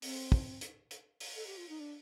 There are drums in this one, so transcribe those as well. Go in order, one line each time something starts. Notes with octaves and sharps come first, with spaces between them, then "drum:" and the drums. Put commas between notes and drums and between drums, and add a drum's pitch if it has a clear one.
C4, drum: open hi-hat
drum: kick
drum: hi-hat
drum: hi-hat
drum: open hi-hat
A4
G4
F4
D#4
D4